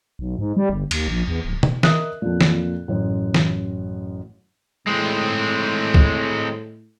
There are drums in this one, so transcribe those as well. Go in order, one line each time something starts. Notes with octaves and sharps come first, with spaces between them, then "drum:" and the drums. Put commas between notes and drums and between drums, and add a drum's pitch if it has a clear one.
B1
G#2
G3
G1
D#2, drum: cymbal
A#1
E2
D1
drum: tom
A#4 D#5 E5 D#6 F#6, drum: snare
F2 A#2
drum: snare
A1 F#2
drum: snare
A2 G#3 C4
drum: kick C#2